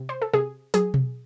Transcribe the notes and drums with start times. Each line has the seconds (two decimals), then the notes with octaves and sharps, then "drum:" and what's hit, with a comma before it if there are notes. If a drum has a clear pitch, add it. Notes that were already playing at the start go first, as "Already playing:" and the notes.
Already playing: C3
0.09 C5
0.22 A4
0.34 C3 G#4
0.74 F#3 G#4, drum: hi-hat
0.94 drum: tom B2